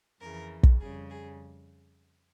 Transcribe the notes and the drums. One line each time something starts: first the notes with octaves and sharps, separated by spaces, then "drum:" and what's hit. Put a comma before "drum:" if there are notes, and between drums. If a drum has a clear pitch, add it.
F2 C#3 E3 A#4
drum: kick
F2 C#3 G3 G#4
G#4